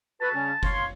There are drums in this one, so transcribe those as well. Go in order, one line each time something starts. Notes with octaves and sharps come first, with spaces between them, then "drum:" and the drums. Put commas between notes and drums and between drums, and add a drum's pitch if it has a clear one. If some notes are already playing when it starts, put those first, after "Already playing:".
F#4 A4 B4 A5
C#3 G3 C#4
C#5 F5 C6, drum: kick F#1